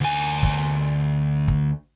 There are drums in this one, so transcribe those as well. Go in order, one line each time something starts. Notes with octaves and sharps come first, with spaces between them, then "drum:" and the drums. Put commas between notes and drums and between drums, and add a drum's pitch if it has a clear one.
D2 G#5
drum: kick
drum: kick